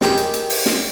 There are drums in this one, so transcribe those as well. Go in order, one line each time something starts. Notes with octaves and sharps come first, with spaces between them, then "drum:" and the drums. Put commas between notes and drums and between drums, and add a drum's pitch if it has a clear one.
D#3 G4 G#4 B5, drum: snare
drum: hi-hat
drum: hi-hat
drum: open hi-hat
drum: snare